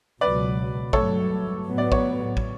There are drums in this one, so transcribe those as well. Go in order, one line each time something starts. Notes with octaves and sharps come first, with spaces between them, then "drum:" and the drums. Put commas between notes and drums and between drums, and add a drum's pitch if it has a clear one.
C#2 B2 F#3 B4 D5
G2 F#3 A3 A4 C#5, drum: kick
A2 F#3 B3
D5
C#5, drum: kick
drum: kick